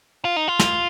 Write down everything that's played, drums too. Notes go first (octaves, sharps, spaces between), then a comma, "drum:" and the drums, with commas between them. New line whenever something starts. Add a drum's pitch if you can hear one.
F4
D#4
F4
drum: snare